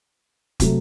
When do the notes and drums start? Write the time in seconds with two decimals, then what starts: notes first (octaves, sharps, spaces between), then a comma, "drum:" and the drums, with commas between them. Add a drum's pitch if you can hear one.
0.60 C3 F#3 A3, drum: kick, hi-hat